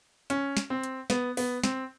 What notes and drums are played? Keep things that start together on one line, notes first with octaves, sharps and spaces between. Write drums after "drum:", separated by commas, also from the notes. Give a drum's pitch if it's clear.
C#4, drum: hi-hat
drum: snare
C4
drum: hi-hat
B3, drum: snare
B3, drum: open hi-hat
C4, drum: snare